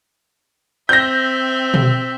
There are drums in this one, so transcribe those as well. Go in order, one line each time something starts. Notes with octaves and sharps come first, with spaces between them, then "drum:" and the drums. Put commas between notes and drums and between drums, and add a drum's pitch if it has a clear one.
C4 E5 G6 A#6
drum: tom B2